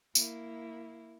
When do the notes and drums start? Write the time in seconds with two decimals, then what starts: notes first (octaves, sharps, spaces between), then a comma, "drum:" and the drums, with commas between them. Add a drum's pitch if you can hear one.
0.15 A#3 E4, drum: tambourine